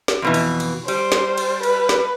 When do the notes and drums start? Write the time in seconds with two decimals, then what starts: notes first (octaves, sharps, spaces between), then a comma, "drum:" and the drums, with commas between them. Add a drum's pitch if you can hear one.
0.08 drum: snare
0.22 F2 B2 E3
0.34 drum: cymbal
0.60 drum: cymbal
0.88 G3 C5, drum: cymbal
1.12 drum: snare
1.38 drum: cymbal
1.63 B4, drum: cymbal
1.89 drum: snare